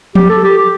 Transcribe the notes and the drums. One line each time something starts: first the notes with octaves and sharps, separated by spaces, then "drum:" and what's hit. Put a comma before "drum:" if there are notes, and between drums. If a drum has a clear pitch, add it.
G4, drum: tom F3
A4
G4
G4